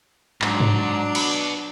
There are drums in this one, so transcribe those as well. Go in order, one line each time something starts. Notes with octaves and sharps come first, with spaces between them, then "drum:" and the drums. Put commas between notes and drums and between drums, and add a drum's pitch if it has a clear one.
G#2 F#3 D4 D5, drum: clap
drum: tom G2
F#4 B4, drum: cymbal